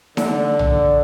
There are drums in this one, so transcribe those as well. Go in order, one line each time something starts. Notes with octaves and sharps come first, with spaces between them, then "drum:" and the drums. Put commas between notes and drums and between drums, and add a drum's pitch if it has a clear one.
D3, drum: snare D#4
drum: tom A#1